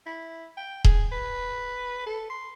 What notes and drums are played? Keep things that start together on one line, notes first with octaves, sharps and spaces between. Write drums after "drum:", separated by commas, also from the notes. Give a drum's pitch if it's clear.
E4
G5
G#4, drum: kick D#1
B4
A4
C6